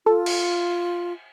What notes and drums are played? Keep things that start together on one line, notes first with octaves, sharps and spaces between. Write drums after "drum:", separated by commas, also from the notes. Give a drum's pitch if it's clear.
F4 A4
drum: cymbal